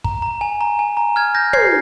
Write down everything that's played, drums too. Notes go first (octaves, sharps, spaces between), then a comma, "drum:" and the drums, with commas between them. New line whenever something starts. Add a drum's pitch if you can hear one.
A#5, drum: kick
A#5
G#5
A#5
G#5
A#5
F6 G#6
G6 A#6
G#6 C7, drum: tom